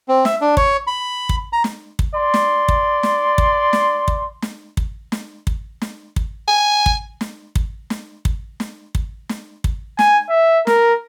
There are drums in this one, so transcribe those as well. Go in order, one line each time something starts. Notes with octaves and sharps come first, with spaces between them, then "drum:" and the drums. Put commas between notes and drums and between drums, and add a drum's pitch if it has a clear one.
C4
E5, drum: snare
D4
C#5, drum: kick
B5
drum: kick
A#5
drum: snare
drum: kick
D5 C6
drum: snare
drum: kick
drum: snare
drum: kick
drum: snare
drum: kick
drum: snare
drum: kick
drum: snare
drum: kick
drum: snare
drum: kick
G#5
drum: kick
drum: snare
drum: kick
drum: snare
drum: kick
drum: snare
drum: kick
drum: snare
drum: kick
G#5, drum: snare
E5
A#4, drum: snare